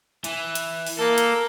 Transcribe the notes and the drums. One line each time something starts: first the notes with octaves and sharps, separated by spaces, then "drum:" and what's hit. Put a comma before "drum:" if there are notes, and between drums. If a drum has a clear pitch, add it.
E3, drum: hi-hat
drum: hi-hat
drum: open hi-hat
A#3 A4 A#4
drum: hi-hat